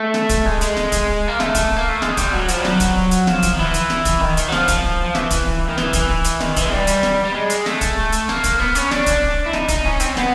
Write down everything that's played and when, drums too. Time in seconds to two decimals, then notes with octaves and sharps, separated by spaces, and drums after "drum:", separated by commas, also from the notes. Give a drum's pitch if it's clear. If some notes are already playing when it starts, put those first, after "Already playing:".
Already playing: A3
0.14 drum: snare
0.29 drum: kick, hi-hat
0.46 G#3
0.61 G#3, drum: hi-hat
0.76 drum: snare
0.92 drum: kick, hi-hat
1.28 A#3
1.40 A3, drum: snare
1.55 drum: kick, hi-hat
1.76 A#3
1.89 A3
2.02 G#3, drum: snare
2.17 G3, drum: kick, hi-hat
2.33 F#3
2.49 F3, drum: hi-hat
2.58 G3
2.65 F#3, drum: snare
2.80 drum: kick, hi-hat
3.11 drum: hi-hat
3.27 F3, drum: snare
3.43 drum: kick, hi-hat
3.53 D#3
3.59 E3
3.74 drum: hi-hat
3.90 drum: snare
4.05 drum: kick, hi-hat
4.20 D#3
4.37 D#3, drum: hi-hat
4.48 F#3
4.52 F3, drum: snare
4.68 drum: kick, hi-hat
5.04 F3
5.15 E3, drum: snare
5.31 drum: kick, hi-hat
5.69 D#3
5.78 E3, drum: snare
5.93 drum: kick, hi-hat
6.25 drum: hi-hat
6.40 D#3, drum: snare
6.57 E3, drum: kick, hi-hat
6.65 G#3
6.72 G3
6.87 drum: hi-hat
7.03 drum: snare
7.24 G3
7.34 G#3
7.50 drum: hi-hat
7.66 A3, drum: snare
7.81 drum: kick, hi-hat
8.13 drum: hi-hat
8.29 A#3, drum: snare
8.44 drum: kick, hi-hat
8.59 B3
8.75 C#4, drum: hi-hat
8.91 D4, drum: snare
9.06 drum: kick, hi-hat
9.46 E4
9.53 D#4, drum: snare
9.69 D#4, drum: kick, hi-hat
9.85 C#4
10.00 C4, drum: hi-hat
10.17 B3, drum: snare